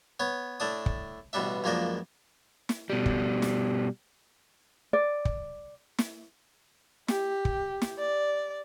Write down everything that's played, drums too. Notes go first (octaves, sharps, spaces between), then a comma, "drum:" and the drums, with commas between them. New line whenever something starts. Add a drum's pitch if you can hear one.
B3 C#5
A2 A3 D4 D#6
drum: kick
A1 B2 G3 D4 E5
C#2 F#2 F3 A#3 D4 D#5
drum: snare
B2 G3
drum: kick
drum: snare
D5
drum: kick
drum: snare
G4, drum: snare
drum: kick
drum: snare
D5